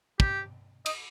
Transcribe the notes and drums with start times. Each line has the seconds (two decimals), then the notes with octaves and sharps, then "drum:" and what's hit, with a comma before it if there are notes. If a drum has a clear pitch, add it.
0.20 G4, drum: kick
0.86 D#5, drum: cymbal